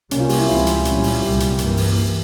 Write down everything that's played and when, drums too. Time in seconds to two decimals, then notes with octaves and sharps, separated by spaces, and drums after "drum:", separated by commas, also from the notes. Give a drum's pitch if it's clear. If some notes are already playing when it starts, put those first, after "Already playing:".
0.11 C2 C3 G3 A#3 C#4, drum: hi-hat
0.20 F4
0.29 G4, drum: open hi-hat
0.39 E4
0.48 C#2 C3 F3 C4 F4
0.67 drum: hi-hat
0.85 A#2 G3 C#4, drum: hi-hat
1.03 drum: open hi-hat
1.21 C2 A#2 G3 G4
1.40 drum: hi-hat
1.58 G2 E3 A#3, drum: hi-hat
1.77 drum: open hi-hat